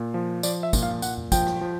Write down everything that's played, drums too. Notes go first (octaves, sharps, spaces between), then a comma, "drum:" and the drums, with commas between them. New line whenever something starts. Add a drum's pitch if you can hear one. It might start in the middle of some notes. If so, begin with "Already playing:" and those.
Already playing: A#2
F3
F3 D5, drum: tambourine
E5
A#2, drum: kick, tambourine
F5
A#2 F#5, drum: tambourine
drum: tom F2
F3 G5, drum: kick, tambourine
drum: rim click
F3